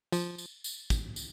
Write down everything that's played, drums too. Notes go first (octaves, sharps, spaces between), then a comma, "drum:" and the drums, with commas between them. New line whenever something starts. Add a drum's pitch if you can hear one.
F3, drum: tambourine
drum: tambourine
drum: tambourine
drum: kick, tambourine
drum: tambourine